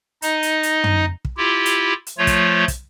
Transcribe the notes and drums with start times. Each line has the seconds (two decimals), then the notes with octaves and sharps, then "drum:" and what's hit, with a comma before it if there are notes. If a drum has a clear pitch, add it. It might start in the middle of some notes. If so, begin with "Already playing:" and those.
0.22 D#4 D#5, drum: hi-hat
0.43 drum: hi-hat
0.63 drum: hi-hat
0.84 drum: tom
1.25 drum: kick
1.37 E4 F4 G4
1.66 drum: hi-hat
2.07 drum: hi-hat
2.18 F3 A3 F4 C#5
2.27 drum: kick, hi-hat
2.68 drum: kick, hi-hat